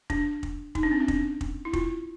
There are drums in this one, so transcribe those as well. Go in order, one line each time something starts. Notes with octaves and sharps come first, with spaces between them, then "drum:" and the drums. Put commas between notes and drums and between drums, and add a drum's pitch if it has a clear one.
D4, drum: kick
drum: kick
D#4, drum: kick
D4
C4
C#4
D4, drum: kick
drum: kick
E4
F4, drum: kick